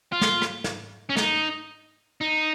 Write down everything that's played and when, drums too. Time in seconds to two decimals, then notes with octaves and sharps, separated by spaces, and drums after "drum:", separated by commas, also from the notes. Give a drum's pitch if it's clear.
0.12 F4
0.21 drum: snare
0.42 drum: rim click
0.64 drum: snare
1.09 C#4
1.17 D#4, drum: snare
2.21 D#4